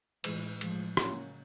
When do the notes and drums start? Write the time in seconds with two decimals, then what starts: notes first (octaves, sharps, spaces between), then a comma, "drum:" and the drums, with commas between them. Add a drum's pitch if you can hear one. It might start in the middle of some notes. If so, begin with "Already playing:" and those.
0.24 A2 E3 G#3, drum: cymbal
0.61 A2 F3 G#3, drum: cymbal
0.97 C#3 F#3 A#3 C#4, drum: rim click